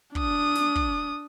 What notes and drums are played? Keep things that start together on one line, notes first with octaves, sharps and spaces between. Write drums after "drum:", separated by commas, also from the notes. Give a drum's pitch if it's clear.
D4 D#6, drum: kick
drum: snare
drum: kick